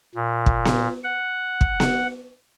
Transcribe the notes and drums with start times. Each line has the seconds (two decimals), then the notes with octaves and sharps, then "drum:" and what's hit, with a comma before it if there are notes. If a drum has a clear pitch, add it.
0.15 A#2
0.46 drum: kick
0.65 drum: snare B3
1.03 F#5
1.61 drum: kick
1.80 drum: snare B3